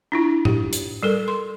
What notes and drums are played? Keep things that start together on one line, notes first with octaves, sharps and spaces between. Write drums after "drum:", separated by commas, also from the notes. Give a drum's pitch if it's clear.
D4 E4 F4
G4, drum: tom A2
drum: hi-hat
G3 A4 A#4
C6